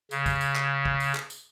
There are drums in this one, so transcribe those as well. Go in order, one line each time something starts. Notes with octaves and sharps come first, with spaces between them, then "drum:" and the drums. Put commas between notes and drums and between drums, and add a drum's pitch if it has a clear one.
C#3, drum: tambourine
drum: kick A#1, tambourine
drum: tambourine
drum: clap
drum: kick A#1
drum: tambourine
drum: clap
drum: tambourine